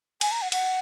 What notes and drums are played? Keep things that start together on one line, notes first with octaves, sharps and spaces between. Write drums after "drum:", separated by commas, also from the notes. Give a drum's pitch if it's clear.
G#5, drum: cymbal
A#5
F#5
F#5, drum: cymbal